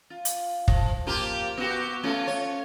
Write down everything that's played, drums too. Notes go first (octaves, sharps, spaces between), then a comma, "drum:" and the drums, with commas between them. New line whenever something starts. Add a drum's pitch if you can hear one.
F4
drum: hi-hat
F3, drum: kick
A#3 F4 G4
B3 F#4 G4
A3 C#4 F4
C#5